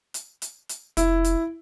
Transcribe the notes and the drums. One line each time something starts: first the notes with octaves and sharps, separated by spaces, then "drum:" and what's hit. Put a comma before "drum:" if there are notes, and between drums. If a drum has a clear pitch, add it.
drum: hi-hat
drum: hi-hat
drum: hi-hat
F1 E4, drum: hi-hat
drum: hi-hat